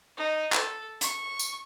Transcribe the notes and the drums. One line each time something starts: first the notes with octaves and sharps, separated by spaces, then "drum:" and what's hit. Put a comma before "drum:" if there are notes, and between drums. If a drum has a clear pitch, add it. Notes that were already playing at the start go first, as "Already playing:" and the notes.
D#4
A4, drum: clap
C#6, drum: hi-hat
drum: tambourine